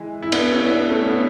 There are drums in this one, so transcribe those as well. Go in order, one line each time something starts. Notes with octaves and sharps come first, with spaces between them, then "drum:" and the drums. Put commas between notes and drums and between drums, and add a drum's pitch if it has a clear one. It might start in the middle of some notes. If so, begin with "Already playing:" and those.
Already playing: E3 G#3
E4
B3 D4, drum: cymbal
C#4 E4
E4
B3 D4
A3 C#4
C#4
B3 D4